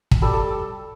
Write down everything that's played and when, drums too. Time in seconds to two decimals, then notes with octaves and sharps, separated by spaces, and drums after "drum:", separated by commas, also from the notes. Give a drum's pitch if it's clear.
0.11 drum: kick
0.22 G3 A4
0.33 A4